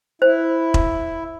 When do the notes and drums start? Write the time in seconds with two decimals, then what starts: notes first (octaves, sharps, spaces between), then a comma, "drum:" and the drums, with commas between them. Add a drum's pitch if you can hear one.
0.22 E4 C5
0.74 drum: kick E1